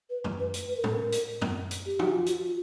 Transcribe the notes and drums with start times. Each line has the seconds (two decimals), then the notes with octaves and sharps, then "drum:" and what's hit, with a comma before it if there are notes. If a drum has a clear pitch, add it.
0.10 B4
0.24 drum: tom F#2
0.39 B4
0.54 drum: hi-hat
0.68 B4
0.77 A#4
0.84 A4, drum: tom A2
0.93 A#4
1.12 drum: hi-hat
1.42 drum: tom F#2
1.71 drum: hi-hat
1.86 G4
1.99 F#4, drum: tom
2.12 F4
2.26 F#4, drum: hi-hat
2.39 F#4
2.44 F4